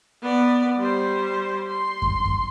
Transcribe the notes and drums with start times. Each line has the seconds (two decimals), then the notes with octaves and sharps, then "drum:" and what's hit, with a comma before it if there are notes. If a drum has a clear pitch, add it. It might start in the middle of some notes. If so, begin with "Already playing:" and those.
0.22 B3 D5
0.77 G3 C5
1.69 C6
2.02 drum: kick F#2
2.26 drum: kick F#2